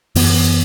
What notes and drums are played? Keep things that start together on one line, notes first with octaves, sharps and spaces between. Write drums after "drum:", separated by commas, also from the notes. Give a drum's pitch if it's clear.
F#2 E3 B3, drum: open hi-hat